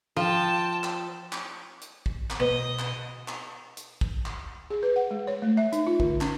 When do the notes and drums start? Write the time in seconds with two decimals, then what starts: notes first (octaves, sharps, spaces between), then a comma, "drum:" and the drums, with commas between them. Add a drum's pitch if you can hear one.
0.17 F3 G5 A5
0.84 drum: clap
1.33 drum: clap
1.81 drum: hi-hat
2.06 drum: kick
2.30 drum: clap
2.40 B2 B3 D#5
2.79 drum: clap
3.28 drum: clap
3.77 drum: hi-hat
4.01 drum: kick
4.26 drum: clap
4.70 G#4
4.83 B4
4.96 F#5
5.11 G#3
5.27 C#5
5.42 A3
5.57 E5
5.72 D#4, drum: hi-hat
5.87 F4
6.00 D3, drum: kick
6.21 C#4, drum: clap